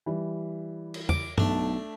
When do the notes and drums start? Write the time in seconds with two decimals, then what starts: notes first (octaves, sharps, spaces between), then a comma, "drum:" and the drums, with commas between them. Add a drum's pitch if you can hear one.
0.06 E3 G3
0.94 drum: cymbal
1.09 D6, drum: tom E2
1.38 B1 A3 D4, drum: tom G2